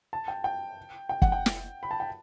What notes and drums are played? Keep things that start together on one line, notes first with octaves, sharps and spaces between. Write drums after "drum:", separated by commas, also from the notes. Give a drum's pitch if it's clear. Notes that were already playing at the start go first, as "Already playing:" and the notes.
A5
G5
G5
G5
F#5, drum: kick
G5
drum: snare
B5
A5
G5